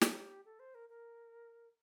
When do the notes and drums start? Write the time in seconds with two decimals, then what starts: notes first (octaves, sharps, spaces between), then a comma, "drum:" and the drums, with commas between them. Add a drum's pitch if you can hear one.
0.02 G4, drum: snare
0.45 A4
0.60 C5
0.75 A#4
0.89 A#4